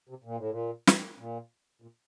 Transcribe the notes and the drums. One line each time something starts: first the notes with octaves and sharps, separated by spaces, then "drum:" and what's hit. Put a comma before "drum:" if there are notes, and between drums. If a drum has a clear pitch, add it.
C3
A#2
A2
A#2
drum: snare
A#2
A#2